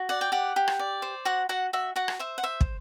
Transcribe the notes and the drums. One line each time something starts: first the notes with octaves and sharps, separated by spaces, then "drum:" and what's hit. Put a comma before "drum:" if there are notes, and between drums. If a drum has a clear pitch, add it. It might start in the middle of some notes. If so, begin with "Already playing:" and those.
Already playing: F#4
D5 F#5
G5
G4 F#5
G4
drum: rim click
D5
C5
F#4 F#5
F#4 F#5
F#4 E5
F#4 F#5
drum: rim click
C5 E5
F#5
C5 E5
drum: kick